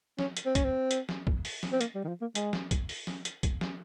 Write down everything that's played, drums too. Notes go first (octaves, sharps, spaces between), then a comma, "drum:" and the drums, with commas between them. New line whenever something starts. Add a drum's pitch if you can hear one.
C#4, drum: snare
drum: hi-hat
C4
C#4, drum: kick, hi-hat
C4
drum: hi-hat
drum: snare
drum: kick
drum: open hi-hat
drum: snare
C4
A#3, drum: hi-hat
G3
D#3
F3
A#3
G#3, drum: hi-hat
drum: snare
drum: kick, hi-hat
drum: open hi-hat
drum: snare
drum: hi-hat
drum: kick, hi-hat
drum: snare